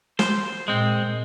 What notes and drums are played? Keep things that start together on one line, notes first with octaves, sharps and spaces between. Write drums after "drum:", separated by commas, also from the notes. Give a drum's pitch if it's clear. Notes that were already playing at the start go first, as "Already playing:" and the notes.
C5, drum: snare
A#2 G#3 C4